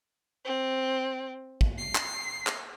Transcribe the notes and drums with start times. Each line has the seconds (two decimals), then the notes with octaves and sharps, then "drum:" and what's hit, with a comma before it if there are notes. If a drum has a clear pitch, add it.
0.45 C4
1.61 drum: kick
1.78 C7
1.95 drum: clap
2.47 drum: clap